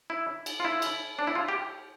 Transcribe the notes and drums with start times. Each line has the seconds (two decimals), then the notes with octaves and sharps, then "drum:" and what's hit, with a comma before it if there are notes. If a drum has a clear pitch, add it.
0.10 E4
0.46 drum: cymbal
0.60 F4
0.65 E4
0.82 drum: cymbal
1.19 D4
1.27 E4
1.35 F4
1.48 G4